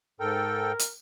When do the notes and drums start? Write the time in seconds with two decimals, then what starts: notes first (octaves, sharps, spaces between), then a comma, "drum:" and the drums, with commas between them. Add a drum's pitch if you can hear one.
0.20 G#2 A4 A#4 G5
0.79 drum: hi-hat